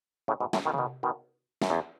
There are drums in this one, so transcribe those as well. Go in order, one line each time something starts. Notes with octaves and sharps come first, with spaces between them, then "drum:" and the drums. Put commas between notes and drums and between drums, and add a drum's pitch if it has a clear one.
A2 C#3
G#2 B2
F#2 A2, drum: snare
B2 D#3
C#3, drum: tom C3
B2 D#3
B2 D#3
F#2, drum: snare
E2